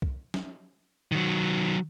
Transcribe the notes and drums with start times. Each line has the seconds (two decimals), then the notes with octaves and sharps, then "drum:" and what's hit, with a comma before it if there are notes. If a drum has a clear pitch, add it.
0.02 drum: kick C2
0.34 drum: snare
1.12 D#3 F#3